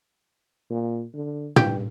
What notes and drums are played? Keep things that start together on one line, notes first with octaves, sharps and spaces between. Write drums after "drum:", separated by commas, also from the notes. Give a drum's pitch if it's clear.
A#2
D3
G2 G4, drum: tom